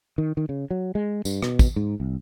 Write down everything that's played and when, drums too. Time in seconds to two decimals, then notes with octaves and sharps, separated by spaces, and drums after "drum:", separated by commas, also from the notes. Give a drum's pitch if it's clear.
0.18 D#3
0.37 D#3
0.49 C#3
0.71 F#3
0.95 G#3
1.25 G2, drum: tambourine
1.42 B2, drum: rim click
1.59 drum: kick, tambourine
1.76 G#2
2.00 C2